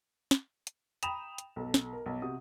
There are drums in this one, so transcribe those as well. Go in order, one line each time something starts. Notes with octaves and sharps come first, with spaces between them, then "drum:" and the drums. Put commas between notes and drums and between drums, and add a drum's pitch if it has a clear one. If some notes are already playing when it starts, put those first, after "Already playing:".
drum: snare
drum: hi-hat
G5 A#5 B5 D#6 E7 F7, drum: hi-hat
drum: hi-hat
B1 A4
drum: snare
A#4
B1
C3 F#4 D#6